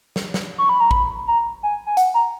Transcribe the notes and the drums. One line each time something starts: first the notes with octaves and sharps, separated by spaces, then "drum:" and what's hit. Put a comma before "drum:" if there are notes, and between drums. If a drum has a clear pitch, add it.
drum: snare
drum: snare
C#6
B5
A#5
B5, drum: kick A1
A#5
G#5
G#5
F#5, drum: hi-hat
A#5